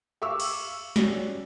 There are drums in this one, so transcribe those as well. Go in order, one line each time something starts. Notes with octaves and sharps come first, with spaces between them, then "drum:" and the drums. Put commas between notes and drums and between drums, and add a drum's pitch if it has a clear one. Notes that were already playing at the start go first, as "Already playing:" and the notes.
E5 F5 C#6 D6 E6
drum: cymbal
G3 C#4 F#4, drum: snare